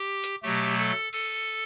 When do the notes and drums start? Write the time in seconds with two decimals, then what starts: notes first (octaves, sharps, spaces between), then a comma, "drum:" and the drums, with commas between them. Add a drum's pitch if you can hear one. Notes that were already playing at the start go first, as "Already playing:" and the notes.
Already playing: G4
0.24 drum: hi-hat
0.42 B2 F#3 A3 G4
0.79 A4
1.13 A4, drum: cymbal